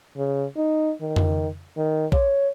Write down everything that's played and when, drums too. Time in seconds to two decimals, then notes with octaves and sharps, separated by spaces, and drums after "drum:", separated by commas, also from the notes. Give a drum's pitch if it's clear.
0.16 C#3
0.57 D#4
1.01 D#3
1.16 drum: tom F2
1.77 D#3
2.12 C#5, drum: kick A#1